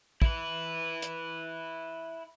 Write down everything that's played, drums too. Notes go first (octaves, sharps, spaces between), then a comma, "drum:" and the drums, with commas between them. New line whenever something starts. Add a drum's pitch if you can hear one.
E4 B4, drum: kick
drum: hi-hat